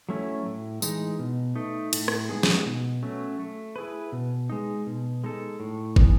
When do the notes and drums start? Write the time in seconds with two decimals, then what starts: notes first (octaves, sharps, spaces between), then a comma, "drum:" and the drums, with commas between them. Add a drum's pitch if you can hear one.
0.09 F#3 A3 C#4 E4
0.46 A2
0.82 E3 G#3 D#4, drum: tambourine
1.19 B2
1.56 A3 D#4
1.93 A2, drum: cymbal
2.08 drum: rim click
2.29 G#3 B3 D#4 G#4
2.43 drum: snare
2.66 B2
3.03 F#3 A3 C#4
3.40 A3
3.76 E4 G#4 B4
4.12 B2
4.50 G#3 D#4
4.87 B2
5.24 G#3 D#4 A4
5.60 A2
5.96 E3 B3, drum: kick